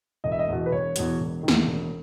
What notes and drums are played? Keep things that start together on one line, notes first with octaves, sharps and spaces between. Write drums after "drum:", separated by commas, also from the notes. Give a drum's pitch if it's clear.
E1 D#5
E5
D#5
E2 B2
B4
E1 C#5
E2 B2, drum: hi-hat
E1
D#3
E2, drum: snare
E1